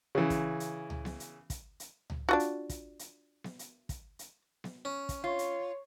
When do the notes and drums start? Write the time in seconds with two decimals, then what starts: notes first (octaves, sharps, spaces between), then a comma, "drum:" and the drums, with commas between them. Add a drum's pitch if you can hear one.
0.15 C#3 E3
0.30 drum: kick, hi-hat
0.60 drum: hi-hat
0.90 drum: tom C#2
1.05 drum: snare B3
1.20 drum: hi-hat
1.50 drum: kick, hi-hat
1.80 drum: hi-hat
2.10 drum: tom C#2
2.29 D4 F4 F#4
2.40 drum: hi-hat
2.69 drum: kick, hi-hat
2.99 drum: hi-hat
3.44 drum: snare B3
3.59 drum: hi-hat
3.89 drum: kick, hi-hat
4.19 drum: hi-hat
4.64 drum: snare B3
4.85 C#4
5.09 drum: kick, hi-hat
5.24 F4 C#5
5.39 drum: hi-hat